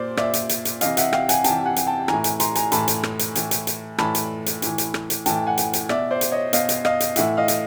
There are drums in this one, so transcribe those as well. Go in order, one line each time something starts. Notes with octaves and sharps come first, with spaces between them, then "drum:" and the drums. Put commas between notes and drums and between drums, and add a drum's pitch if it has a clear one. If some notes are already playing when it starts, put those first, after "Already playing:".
Already playing: A#2 C5 D5
A#2 D5 E5, drum: rim click
drum: hi-hat
drum: hi-hat
drum: hi-hat
C3 E3 D#5 F5, drum: hi-hat
E5 F#5, drum: hi-hat
F5 G5, drum: rim click
F#5 G#5, drum: hi-hat
C3 E3 G5 A5, drum: hi-hat
F#5 G#5
drum: hi-hat
G5 A5
A2 E3 G#5 A#5, drum: rim click
drum: hi-hat
A#5 C6, drum: hi-hat
G#5 A#5, drum: hi-hat
A2 E3 A5 B5, drum: hi-hat
drum: hi-hat
drum: rim click
drum: hi-hat
A2 E3, drum: hi-hat
drum: hi-hat
drum: hi-hat
A2 E3 A5 B5, drum: rim click
drum: hi-hat
drum: hi-hat
A2 E3, drum: hi-hat
drum: hi-hat
drum: rim click
drum: hi-hat
A2 E3 G5 A5, drum: hi-hat
F#5 G#5
drum: hi-hat
drum: hi-hat
B2 D5 E5, drum: rim click
C5 D5
drum: hi-hat
C#5 D#5
B2 D#5 F5, drum: hi-hat
drum: hi-hat
D#5 F5, drum: rim click
drum: hi-hat
A2 E3 E5 F#5, drum: hi-hat
D#5 F5
drum: hi-hat